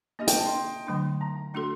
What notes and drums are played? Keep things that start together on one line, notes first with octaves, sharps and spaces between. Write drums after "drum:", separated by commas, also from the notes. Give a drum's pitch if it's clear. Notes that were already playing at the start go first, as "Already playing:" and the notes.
A#3 D4 G4 D#5
G5, drum: hi-hat
A5
C6
D3 F#3 A3 D4
A#5
A3 D4 F#4 A4 C6